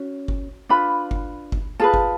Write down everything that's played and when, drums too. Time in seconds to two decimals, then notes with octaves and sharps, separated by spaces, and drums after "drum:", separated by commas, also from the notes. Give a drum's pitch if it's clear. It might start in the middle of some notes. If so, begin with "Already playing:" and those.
Already playing: C#4 F#4
0.28 drum: kick G1
0.69 D4 F4 B4 B5
1.11 drum: kick G1
1.52 drum: kick G1
1.80 F4 G#4 B4 A5
1.94 drum: kick G1